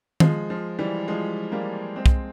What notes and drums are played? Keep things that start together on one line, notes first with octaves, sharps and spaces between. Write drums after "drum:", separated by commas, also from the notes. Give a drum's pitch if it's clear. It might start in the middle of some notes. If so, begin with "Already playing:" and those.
F3 G#3, drum: tom D#3
F3
E3 G3
F3 G#3
G3 A#3
G#3 C4
drum: kick